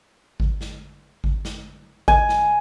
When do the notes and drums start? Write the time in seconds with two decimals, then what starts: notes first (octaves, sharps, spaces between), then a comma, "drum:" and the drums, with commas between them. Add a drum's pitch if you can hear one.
0.40 drum: kick G#1
0.61 drum: snare
1.24 drum: kick G#1
1.45 drum: snare
2.08 G#5, drum: kick G#1
2.29 drum: snare